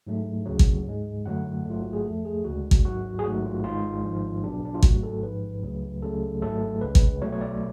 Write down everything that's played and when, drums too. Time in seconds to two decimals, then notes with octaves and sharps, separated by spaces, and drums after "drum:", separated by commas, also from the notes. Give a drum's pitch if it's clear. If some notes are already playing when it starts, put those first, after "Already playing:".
0.07 G#2 F#3 A3
0.46 D2 C#3 F#3
0.59 drum: kick
0.86 G#2 G#3
1.25 F#2 D3 F#3 A3 F#5
1.65 A1 G#2 F#3 A3 F4
1.82 F#4
1.93 G#4
2.05 F2 F3 A3 A4
2.25 G#4
2.44 D2 C#3 G#3 F#4
2.71 drum: kick
2.84 G#1 G#2 F#3 F#4
3.19 G#4
3.24 A1 G#2 F#3 A3 F#4
3.44 F4
3.64 G#1 G#2 G#3 F4
4.04 G#1 G#2 F3
4.43 B1 B2 F#3 D4
4.65 D4
4.74 F4
4.83 G#1 G#2 F#3 A3 F#4, drum: kick
5.03 A4
5.22 A1 G#2 F3 B4
5.62 C#2 C#3 F#3 A3
6.02 C#2 C#3 F#3 A3 A4
6.41 G#1 G#2 F#3 A3 A4
6.81 C#2 C#3 G#3 B4
6.95 drum: kick
7.22 B1 B2 F#3 A3 C#5
7.32 C#5
7.41 D5